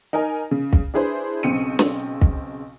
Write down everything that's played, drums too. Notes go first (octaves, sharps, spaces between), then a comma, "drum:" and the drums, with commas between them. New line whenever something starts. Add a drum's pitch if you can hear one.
D#4 A#4 D#5 G#5
C#3
drum: kick
D4 E4 G#4 B4 C5
B1 C#3 C4 C#7 D#7
drum: snare
drum: kick